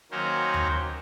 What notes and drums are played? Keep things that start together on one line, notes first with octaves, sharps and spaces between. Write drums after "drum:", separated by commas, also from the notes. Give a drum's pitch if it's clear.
D#3 F#3 A#3 C#4 A#4 C5
drum: tom D#2